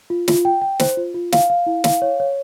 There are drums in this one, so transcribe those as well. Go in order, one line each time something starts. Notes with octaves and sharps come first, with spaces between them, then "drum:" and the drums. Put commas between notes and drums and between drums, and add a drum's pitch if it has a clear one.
F4
F4, drum: snare
G5
G5
C5, drum: snare
F4
F4
F5, drum: snare
F5
E4
F5, drum: snare
C#5
C#5